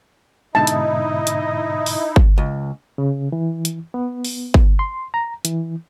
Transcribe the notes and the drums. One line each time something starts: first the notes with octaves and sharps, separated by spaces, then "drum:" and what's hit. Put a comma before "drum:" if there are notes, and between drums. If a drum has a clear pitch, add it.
G#2 B2 D3 D#4 E4 D#5 A5
drum: hi-hat
drum: hi-hat
drum: open hi-hat
drum: kick G1
C#2
C#3
E3
drum: hi-hat
B3
drum: open hi-hat
drum: kick G1
C6
A#5
E3, drum: hi-hat